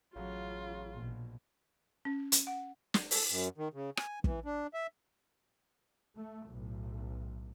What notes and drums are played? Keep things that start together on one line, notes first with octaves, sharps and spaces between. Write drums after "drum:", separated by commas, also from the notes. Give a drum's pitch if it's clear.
A1 C#3 F#3 F4
A#1 B2
C#4
drum: hi-hat
F#5
drum: snare
A4, drum: open hi-hat
F#2
D#3
C#3
G#5, drum: rim click
E3, drum: kick
D4
E5
A3
B1 A2